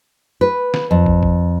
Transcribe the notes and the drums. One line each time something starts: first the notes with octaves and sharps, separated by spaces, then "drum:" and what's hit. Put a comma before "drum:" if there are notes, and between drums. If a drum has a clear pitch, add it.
B4
drum: snare
F2
drum: kick
drum: kick